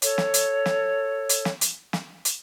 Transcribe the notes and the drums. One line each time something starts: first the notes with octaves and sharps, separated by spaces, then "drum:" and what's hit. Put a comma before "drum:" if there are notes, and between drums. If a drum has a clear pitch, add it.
A4 C#5, drum: hi-hat
drum: snare
drum: hi-hat
drum: snare
drum: hi-hat
drum: snare
drum: hi-hat
drum: snare
drum: hi-hat